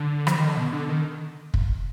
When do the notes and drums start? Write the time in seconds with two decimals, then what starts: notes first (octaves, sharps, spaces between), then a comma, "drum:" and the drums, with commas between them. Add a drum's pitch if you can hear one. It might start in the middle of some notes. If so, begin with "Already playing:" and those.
Already playing: D3
0.27 F3, drum: rim click
0.36 D#3
0.47 D3
0.57 B2
0.73 D3
0.89 D#3
1.54 drum: kick